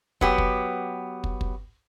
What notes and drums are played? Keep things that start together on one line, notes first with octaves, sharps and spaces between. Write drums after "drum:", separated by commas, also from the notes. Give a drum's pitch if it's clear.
F#3 B3 G4, drum: kick
drum: kick
drum: kick
drum: kick